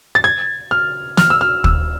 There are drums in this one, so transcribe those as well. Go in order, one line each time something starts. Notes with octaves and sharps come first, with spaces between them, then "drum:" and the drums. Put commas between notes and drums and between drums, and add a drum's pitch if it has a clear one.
A6
G#6
F6
F6, drum: snare
E6
F6
E6, drum: kick